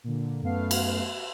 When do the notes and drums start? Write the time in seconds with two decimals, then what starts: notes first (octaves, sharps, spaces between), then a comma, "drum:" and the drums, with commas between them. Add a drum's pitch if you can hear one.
0.04 A#2 D3
0.42 F#2 A3 B3 F5 C7
0.71 drum: cymbal